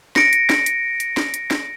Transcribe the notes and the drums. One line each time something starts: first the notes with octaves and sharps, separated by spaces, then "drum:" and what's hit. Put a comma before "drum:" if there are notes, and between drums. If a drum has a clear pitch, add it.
A#6 C#7 D7, drum: snare
drum: hi-hat
drum: snare
drum: hi-hat
drum: hi-hat
drum: snare
drum: hi-hat
drum: snare